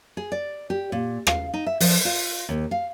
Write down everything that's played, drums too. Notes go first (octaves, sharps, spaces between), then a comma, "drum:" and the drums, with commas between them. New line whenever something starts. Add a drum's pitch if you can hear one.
G#4
D5
G4
A#2
F5, drum: rim click
D#4
E5
F3, drum: open hi-hat
F4
D#2
F5